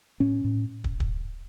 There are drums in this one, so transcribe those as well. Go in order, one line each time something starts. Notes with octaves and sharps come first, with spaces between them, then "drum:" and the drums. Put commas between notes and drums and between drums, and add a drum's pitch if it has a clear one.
A2 C#4
A2
drum: kick
drum: kick